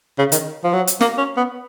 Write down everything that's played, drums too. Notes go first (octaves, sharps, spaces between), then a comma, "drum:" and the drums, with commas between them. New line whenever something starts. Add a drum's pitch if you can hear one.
C#3
D#3, drum: hi-hat
F3
F#3
drum: hi-hat
A#3, drum: snare
C#4
B3